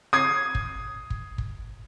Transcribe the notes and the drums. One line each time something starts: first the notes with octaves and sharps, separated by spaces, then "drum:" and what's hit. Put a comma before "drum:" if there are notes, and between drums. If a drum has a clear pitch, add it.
D#6 G#6 C7
drum: kick
drum: kick
drum: kick